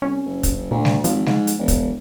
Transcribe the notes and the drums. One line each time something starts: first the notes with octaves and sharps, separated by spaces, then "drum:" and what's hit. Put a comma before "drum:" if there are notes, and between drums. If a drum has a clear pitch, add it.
C2 C#4
F#1
drum: kick, hi-hat
D2 A#2
drum: snare G3
G#1 F3, drum: hi-hat
G#2, drum: snare G3
drum: hi-hat
E1
drum: kick, hi-hat